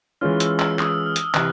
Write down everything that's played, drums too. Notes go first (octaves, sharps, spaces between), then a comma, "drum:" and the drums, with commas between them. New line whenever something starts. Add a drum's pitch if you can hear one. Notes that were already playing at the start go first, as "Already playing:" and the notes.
E3 G#3 C#4 F4 F6
E6, drum: hi-hat
E6, drum: clap
D#6, drum: clap
F6
drum: hi-hat
C3 E3 F#6, drum: clap